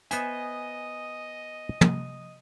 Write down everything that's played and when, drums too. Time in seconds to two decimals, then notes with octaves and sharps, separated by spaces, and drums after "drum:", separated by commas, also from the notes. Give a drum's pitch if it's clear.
0.11 B3 C5 D#5 E5 G#5, drum: hi-hat
1.81 drum: tom